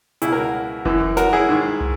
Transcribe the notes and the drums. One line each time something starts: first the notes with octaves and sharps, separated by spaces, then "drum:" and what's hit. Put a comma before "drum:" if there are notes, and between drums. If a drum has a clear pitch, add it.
C#2 B2 E4 G#4, drum: hi-hat
F#4 A#4
F#2 E3, drum: kick F1
F#4 A#4, drum: snare
E4 G#4
G#2 D#3
drum: tom